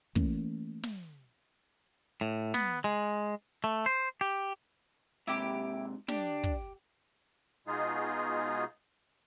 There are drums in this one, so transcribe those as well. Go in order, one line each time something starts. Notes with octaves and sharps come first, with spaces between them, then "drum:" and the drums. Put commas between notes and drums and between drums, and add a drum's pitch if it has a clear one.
E3 A3 A#3 C#4, drum: kick
drum: snare
A2
B3, drum: snare
G#3
A3, drum: open hi-hat
C5
G4
G#2 C3 E4 G4
D4 G4, drum: snare
drum: kick
B2 G#3 D#4 F4 G#4